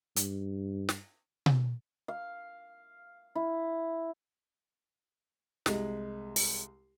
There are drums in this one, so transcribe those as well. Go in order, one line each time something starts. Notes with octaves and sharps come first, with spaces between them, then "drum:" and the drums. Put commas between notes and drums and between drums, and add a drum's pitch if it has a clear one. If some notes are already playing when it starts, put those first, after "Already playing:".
G2, drum: hi-hat
drum: snare
drum: tom B2
F5
E4
C2 G#3, drum: snare
drum: open hi-hat